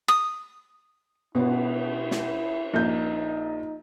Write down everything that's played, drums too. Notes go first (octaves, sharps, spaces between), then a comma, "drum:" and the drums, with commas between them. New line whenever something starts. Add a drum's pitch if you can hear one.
D#6
B2 B3 E4, drum: cymbal
drum: snare
A#1 A#3 D#4 G6